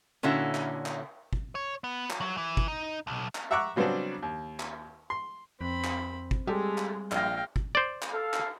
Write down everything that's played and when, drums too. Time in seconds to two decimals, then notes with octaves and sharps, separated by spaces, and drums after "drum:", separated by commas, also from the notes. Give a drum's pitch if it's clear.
0.23 A#2 D3 C#4 E4 F#4
0.55 drum: clap
0.86 drum: clap
1.33 drum: kick
1.55 C#5
1.84 B3
2.10 drum: clap
2.20 F#3
2.38 E3
2.57 drum: kick
2.68 D#4
3.07 B1
3.35 drum: clap
3.51 E5 F#5 A#5 C#6 D6 F#6
3.76 C#3 F#3 G3 B3 C4 D4
4.22 D#2
4.60 drum: clap
5.10 C6
5.61 F2 C4 B5
5.84 drum: clap
6.31 drum: kick
6.47 G3 G#3 G4 A4
6.78 drum: clap
7.12 A#1 F5 G5 A#6, drum: clap
7.56 drum: kick
7.75 C5 D5
8.02 drum: clap
8.12 A4 F5
8.34 drum: clap